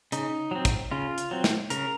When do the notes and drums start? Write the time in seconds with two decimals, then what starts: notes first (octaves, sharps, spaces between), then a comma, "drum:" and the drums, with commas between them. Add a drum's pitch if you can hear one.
0.12 C#3 D#4, drum: hi-hat
0.51 F#3 C4
0.65 drum: kick, hi-hat
0.91 C#3 F4
1.18 drum: hi-hat
1.31 F#3 C4
1.44 drum: snare
1.70 C#3 A#4, drum: hi-hat